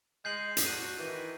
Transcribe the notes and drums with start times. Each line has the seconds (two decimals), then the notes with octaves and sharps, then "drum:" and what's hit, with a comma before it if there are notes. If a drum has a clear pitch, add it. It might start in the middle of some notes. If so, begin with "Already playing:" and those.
0.25 G#3 G6 C7 F#7
0.57 drum: hi-hat
0.66 C3 D4 F#4 D#7
0.98 D#3 E3